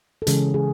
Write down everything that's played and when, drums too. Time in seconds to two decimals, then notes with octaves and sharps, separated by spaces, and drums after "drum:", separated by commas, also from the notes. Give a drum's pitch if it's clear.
0.22 A4
0.27 C#3 E3 G#3 C#4 G#4, drum: hi-hat
0.54 G#4